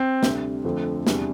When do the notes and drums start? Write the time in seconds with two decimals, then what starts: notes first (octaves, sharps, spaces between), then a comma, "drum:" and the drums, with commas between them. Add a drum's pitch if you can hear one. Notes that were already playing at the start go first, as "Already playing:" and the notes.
Already playing: C4
0.23 D2 C3 G3, drum: snare
0.65 F2 D3 F3 A3
1.07 E2 C3 G3 D4, drum: snare